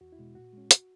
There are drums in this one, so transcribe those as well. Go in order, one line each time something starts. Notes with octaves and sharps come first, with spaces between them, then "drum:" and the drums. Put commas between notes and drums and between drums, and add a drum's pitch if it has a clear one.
E2 F#4
E4
B2 G#3
A#2 F#4
G#3 C#4
drum: hi-hat